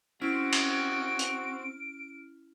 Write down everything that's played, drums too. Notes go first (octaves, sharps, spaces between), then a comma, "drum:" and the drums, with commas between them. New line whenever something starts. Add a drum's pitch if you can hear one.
C4 C#4 E4 F#4 F6 D7
drum: cymbal
drum: hi-hat